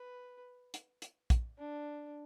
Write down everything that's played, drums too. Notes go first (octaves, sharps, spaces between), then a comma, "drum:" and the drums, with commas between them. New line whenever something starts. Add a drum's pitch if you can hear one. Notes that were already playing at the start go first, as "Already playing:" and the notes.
Already playing: B4
drum: hi-hat
drum: hi-hat
drum: kick, hi-hat
D4